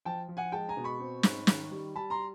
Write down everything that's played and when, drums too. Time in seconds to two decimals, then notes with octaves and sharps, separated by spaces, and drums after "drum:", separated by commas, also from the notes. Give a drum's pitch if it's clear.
0.05 F3 G5 A5
0.28 F3
0.37 F#5 G#5
0.52 G#3 G5 A5
0.69 G#5 A#5
0.77 B2
0.84 B5 C#6
1.00 C4
1.23 G#2, drum: snare
1.47 D#3, drum: snare
1.71 G3
1.95 G3 A5 B5
2.10 A#5 C6